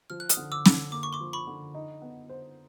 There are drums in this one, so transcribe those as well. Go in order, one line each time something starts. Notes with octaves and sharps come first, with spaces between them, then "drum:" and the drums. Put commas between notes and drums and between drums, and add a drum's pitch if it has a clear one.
F3 F6
F#6
D#6 F6, drum: hi-hat
D3
D6 E6
D3, drum: snare
A#3 D6
C#6
C6 D6
F3
B5 C#6
D3
D#4
B3
C5